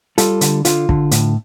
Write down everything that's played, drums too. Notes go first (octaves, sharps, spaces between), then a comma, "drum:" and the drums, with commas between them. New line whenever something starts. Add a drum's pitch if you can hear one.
G3 F4 A4, drum: hi-hat
D3, drum: hi-hat
D3 F4, drum: hi-hat
D3, drum: kick
A2, drum: hi-hat